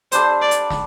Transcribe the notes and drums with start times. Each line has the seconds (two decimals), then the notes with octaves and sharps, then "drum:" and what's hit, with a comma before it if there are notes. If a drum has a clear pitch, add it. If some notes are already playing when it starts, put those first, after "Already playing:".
0.12 G3 D4 A4 C5, drum: hi-hat
0.41 D5
0.51 drum: hi-hat
0.70 drum: snare